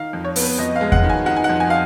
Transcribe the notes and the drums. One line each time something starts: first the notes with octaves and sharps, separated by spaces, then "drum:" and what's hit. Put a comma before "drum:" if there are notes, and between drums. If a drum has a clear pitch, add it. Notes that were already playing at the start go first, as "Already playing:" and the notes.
Already playing: D#3 F5
F2
C#5
B3, drum: open hi-hat
B4
F2 D#5
F5
G#3
F#5, drum: kick E2
D#3
G#5
D#3 F#5
G#5
F#5
F2
G#5
F5